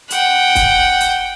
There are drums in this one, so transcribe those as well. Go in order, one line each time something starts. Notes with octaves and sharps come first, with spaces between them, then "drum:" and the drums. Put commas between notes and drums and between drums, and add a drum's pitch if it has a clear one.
F#5 G5, drum: hi-hat
drum: kick, hi-hat
drum: hi-hat